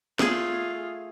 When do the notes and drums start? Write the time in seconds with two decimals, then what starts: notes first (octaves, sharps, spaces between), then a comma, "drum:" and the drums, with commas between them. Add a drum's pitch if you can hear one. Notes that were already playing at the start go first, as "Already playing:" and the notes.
0.19 A3 F4 G#4, drum: snare